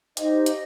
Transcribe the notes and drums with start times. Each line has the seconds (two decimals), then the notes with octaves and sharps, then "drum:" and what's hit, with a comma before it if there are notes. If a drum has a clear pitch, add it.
0.17 D#4 G4 C5 D#5, drum: hi-hat
0.46 drum: hi-hat